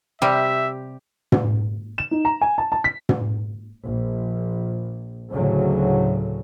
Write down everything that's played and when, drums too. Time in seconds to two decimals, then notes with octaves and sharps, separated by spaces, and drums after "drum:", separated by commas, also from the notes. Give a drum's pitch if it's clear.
0.22 C3 G3 G4 E5
1.32 drum: tom
1.98 E7
2.11 D#4
2.25 A#5
2.41 G#5
2.58 A5
2.72 A5
2.84 B6
3.09 drum: tom
3.84 A#1
5.33 D2 A2 C#3 F#3